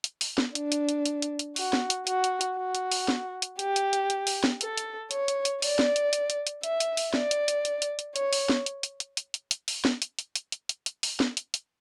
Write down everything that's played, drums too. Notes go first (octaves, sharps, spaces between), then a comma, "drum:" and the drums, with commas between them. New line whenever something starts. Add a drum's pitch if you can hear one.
drum: hi-hat
drum: open hi-hat
drum: snare
D4, drum: hi-hat
drum: hi-hat
drum: hi-hat
drum: hi-hat
drum: hi-hat
drum: hi-hat
F#4, drum: open hi-hat
drum: snare
drum: hi-hat
F#4, drum: hi-hat
drum: hi-hat
drum: hi-hat
F#4
drum: hi-hat
drum: open hi-hat
drum: snare
drum: hi-hat
G4, drum: hi-hat
drum: hi-hat
drum: hi-hat
drum: hi-hat
drum: open hi-hat
drum: snare
A4, drum: hi-hat
drum: hi-hat
C#5, drum: hi-hat
drum: hi-hat
drum: hi-hat
D5, drum: open hi-hat
drum: snare
drum: hi-hat
drum: hi-hat
drum: hi-hat
drum: hi-hat
E5, drum: hi-hat
drum: hi-hat
drum: open hi-hat
D5, drum: snare
drum: hi-hat
drum: hi-hat
drum: hi-hat
drum: hi-hat
drum: hi-hat
C#5, drum: hi-hat
drum: open hi-hat
drum: snare
drum: hi-hat
drum: hi-hat
drum: hi-hat
drum: hi-hat
drum: hi-hat
drum: hi-hat
drum: open hi-hat
drum: snare
drum: hi-hat
drum: hi-hat
drum: hi-hat
drum: hi-hat
drum: hi-hat
drum: hi-hat
drum: open hi-hat
drum: snare
drum: hi-hat
drum: hi-hat